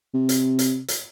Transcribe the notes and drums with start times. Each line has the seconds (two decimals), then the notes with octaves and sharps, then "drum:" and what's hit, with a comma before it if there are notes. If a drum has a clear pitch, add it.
0.14 C3
0.29 drum: hi-hat
0.59 drum: hi-hat
0.88 drum: hi-hat